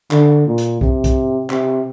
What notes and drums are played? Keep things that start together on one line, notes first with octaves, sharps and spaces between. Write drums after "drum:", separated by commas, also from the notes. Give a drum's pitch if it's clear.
D3, drum: clap
A#2
drum: hi-hat
C3, drum: kick
drum: kick, hi-hat
C3, drum: clap